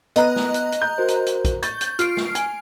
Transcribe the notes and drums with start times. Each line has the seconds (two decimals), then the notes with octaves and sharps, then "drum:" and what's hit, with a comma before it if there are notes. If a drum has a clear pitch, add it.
0.16 B3 D#5 A#5 F#6, drum: hi-hat
0.36 drum: snare
0.54 drum: hi-hat
0.72 drum: hi-hat
0.82 G6
0.98 F#4 A#4 C5
1.08 drum: hi-hat
1.27 drum: hi-hat
1.45 drum: kick, hi-hat
1.63 C#6 G6 A6, drum: hi-hat
1.81 drum: hi-hat
1.99 F4 F6 C7 D7, drum: hi-hat
2.17 drum: snare
2.35 G#5, drum: hi-hat